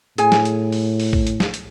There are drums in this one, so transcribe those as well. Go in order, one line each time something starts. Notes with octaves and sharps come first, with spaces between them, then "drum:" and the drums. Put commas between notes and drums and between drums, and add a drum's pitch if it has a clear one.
A2 G#4 G#5, drum: hi-hat
drum: snare
drum: hi-hat
drum: open hi-hat
drum: open hi-hat
drum: kick
drum: hi-hat
drum: snare
drum: hi-hat